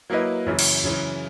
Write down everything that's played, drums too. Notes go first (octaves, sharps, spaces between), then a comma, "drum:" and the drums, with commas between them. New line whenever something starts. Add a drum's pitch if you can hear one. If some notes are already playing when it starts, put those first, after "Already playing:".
F#3 A#3 E4 B4 D#5
F#2 C#3 E3
drum: cymbal
F#2 C#3 E3